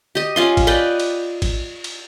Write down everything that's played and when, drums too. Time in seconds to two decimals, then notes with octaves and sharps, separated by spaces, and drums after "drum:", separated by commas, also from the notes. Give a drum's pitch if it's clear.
0.15 G4 D#5
0.36 C#4 F4 C6
0.57 drum: kick, cymbal
0.67 B4 D5 D#5 G5
1.00 drum: cymbal
1.42 drum: kick, cymbal
1.84 drum: cymbal